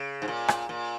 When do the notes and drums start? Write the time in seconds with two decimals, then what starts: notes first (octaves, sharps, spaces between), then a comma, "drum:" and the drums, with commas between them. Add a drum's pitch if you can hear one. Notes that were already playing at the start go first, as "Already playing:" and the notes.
Already playing: C#3
0.22 G#2
0.28 A#2
0.48 drum: rim click
0.69 A#2